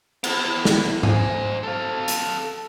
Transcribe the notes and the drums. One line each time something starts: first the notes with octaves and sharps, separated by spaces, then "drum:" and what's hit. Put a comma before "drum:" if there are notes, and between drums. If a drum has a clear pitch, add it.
B3 E4, drum: cymbal
drum: snare
C5 G#5, drum: tom G#2
A4 F5
drum: hi-hat